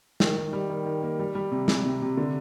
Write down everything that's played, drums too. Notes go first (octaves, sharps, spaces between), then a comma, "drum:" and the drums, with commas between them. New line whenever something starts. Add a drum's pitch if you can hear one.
D#3, drum: snare
D#3
G3
D#3
D#3
A#3
G3
G3
C3
C3, drum: snare
C3
C3
D3